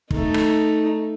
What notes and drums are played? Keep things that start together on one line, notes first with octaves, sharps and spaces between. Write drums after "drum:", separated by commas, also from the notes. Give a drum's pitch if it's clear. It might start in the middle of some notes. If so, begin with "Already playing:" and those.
A3 D#4, drum: kick
drum: rim click